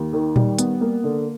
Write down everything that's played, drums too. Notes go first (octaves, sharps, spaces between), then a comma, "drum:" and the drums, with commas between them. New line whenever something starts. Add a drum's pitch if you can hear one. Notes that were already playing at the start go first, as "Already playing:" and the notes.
Already playing: D#2
D#3
G3, drum: tom A#2
B3, drum: hi-hat
A#3
D3